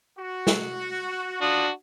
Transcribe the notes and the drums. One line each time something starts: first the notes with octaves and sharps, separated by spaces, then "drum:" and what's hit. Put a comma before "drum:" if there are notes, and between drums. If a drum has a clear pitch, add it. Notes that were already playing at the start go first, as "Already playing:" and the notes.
F#4
drum: snare
D4 F4 F#4 F5 D#6